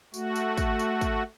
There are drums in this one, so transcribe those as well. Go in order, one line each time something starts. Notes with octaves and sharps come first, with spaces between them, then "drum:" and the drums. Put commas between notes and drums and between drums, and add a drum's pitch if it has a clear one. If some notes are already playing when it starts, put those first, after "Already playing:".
A3 F#4, drum: tambourine
drum: tambourine
drum: kick, tambourine
drum: tambourine
drum: kick, tambourine